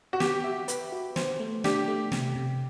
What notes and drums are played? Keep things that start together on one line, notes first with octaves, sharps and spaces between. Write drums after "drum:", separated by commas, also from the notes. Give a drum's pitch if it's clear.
F#4
B3 G4, drum: snare
E5
B4, drum: hi-hat
F#4
C5, drum: snare
A3
D4 G4, drum: snare
A3
C3, drum: snare
C3